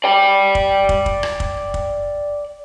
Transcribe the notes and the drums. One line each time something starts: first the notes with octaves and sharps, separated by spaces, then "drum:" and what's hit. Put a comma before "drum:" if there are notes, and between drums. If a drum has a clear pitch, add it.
D5 G5
drum: kick
drum: kick
drum: kick
drum: rim click
drum: kick
drum: kick